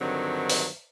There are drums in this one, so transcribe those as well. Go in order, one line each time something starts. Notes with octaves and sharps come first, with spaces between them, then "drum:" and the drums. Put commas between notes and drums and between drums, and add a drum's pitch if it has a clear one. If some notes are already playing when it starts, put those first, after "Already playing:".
G2 D3 D#3 F#3 C4
drum: open hi-hat